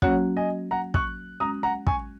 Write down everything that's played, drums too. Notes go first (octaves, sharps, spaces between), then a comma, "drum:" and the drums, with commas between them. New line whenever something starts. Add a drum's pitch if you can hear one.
F#3 A#3 C#4 F#4 C#5 F#5, drum: kick
D#5 G#5
F#5 A#5
C#6 F#6, drum: kick
G#3 C#4 F#4 A#5 D#6
F#5 A#5
G#5 C#6, drum: kick